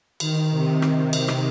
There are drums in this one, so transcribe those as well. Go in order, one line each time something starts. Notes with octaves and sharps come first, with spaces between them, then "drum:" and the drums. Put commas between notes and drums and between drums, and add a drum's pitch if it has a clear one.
D#3, drum: cymbal
C3
drum: rim click
drum: cymbal
drum: rim click